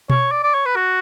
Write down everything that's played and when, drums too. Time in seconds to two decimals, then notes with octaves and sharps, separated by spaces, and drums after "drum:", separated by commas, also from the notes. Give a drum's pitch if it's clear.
0.10 C#5, drum: tom B2
0.31 D5
0.43 D5
0.54 C#5
0.66 B4
0.76 F#4